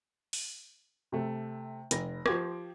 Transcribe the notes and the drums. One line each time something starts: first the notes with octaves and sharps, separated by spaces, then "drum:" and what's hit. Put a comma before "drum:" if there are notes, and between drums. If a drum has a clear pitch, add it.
drum: open hi-hat
C3 A3
F1 A#6, drum: hi-hat
F3 G4 C5 G5 D6 G#6, drum: rim click